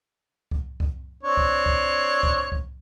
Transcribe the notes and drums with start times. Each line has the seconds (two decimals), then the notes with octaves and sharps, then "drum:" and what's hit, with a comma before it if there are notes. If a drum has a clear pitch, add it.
0.51 drum: kick C2
0.80 drum: kick C2
1.23 C4 D4 C#5
1.37 drum: kick C2
1.66 drum: kick C2
2.23 drum: kick C2
2.52 drum: kick C2